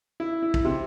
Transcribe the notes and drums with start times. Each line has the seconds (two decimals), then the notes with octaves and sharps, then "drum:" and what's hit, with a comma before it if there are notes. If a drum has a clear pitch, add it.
0.20 E4
0.42 E4
0.54 drum: kick
0.65 C3